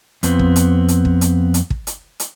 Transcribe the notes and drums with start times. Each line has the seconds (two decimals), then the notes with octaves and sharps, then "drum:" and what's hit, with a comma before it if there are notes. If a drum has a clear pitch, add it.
0.23 F2 B3 C4, drum: hi-hat
0.39 drum: kick
0.56 drum: hi-hat
0.88 drum: hi-hat
1.05 drum: kick
1.21 drum: hi-hat
1.54 drum: hi-hat
1.70 drum: kick
1.87 drum: hi-hat
2.20 drum: hi-hat